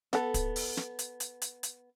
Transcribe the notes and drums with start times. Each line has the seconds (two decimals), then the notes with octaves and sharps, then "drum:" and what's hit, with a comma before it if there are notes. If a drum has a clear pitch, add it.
0.13 B3 A4, drum: snare
0.34 drum: kick, hi-hat
0.56 drum: open hi-hat
0.77 drum: snare
0.99 drum: hi-hat
1.20 drum: hi-hat
1.42 drum: hi-hat
1.63 drum: hi-hat